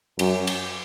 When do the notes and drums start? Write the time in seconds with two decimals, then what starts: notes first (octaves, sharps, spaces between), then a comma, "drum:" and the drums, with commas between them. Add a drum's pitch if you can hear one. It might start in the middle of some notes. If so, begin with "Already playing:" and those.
0.19 F#2, drum: cymbal
0.47 drum: cymbal